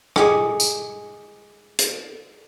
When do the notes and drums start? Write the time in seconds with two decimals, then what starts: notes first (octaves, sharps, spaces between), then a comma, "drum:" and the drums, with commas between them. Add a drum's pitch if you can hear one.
0.16 G#3 G4 G#4, drum: rim click
0.60 drum: tambourine
1.79 drum: hi-hat